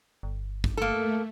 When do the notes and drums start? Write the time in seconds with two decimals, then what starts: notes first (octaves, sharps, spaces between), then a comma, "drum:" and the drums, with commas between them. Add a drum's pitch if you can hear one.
0.23 G1
0.64 drum: kick
0.77 A3 A#3 A4